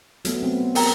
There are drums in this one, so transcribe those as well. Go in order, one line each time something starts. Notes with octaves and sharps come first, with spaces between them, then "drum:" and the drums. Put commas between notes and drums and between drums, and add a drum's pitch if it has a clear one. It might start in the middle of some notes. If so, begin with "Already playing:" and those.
F#3 A3 B3, drum: hi-hat
B3 C4
A#4 G5 A#5, drum: open hi-hat